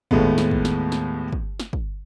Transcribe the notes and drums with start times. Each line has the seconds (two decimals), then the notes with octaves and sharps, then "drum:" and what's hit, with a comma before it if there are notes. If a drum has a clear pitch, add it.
0.11 D#2 A2 G#3 A3 B3, drum: kick
0.38 drum: snare
0.51 drum: kick
0.65 drum: snare
0.92 drum: snare
1.32 drum: kick
1.60 drum: snare
1.73 drum: kick